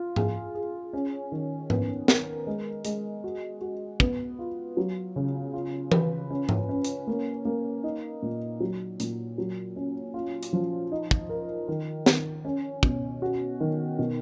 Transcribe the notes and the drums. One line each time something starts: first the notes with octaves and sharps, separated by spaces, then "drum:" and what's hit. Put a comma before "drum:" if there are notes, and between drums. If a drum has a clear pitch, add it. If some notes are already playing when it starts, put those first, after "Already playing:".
Already playing: F4
G#4, drum: tom G#2
G#4
C#4
D#3
B3, drum: tom G#2
A#4, drum: snare
G#3
G#3, drum: hi-hat
F#4
F#4
B3, drum: kick
F4
F#3
C#3
F4
B4, drum: tom E3
C#4
drum: tom G#2
C#4
drum: hi-hat
A#3
A#3
D#4
A#2
F#3
A#2, drum: hi-hat
F#3
C#4
F4
drum: hi-hat
F3
D#4
drum: kick
A#4
D#3
D#3, drum: snare
C#4
B2, drum: kick
F#4
D#3
B2